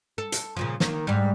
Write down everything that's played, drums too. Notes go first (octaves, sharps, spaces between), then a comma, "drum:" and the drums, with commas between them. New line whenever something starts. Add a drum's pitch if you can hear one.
A4
drum: hi-hat
A#2 C#3 F3
D#3 A#3, drum: snare
G#2 G3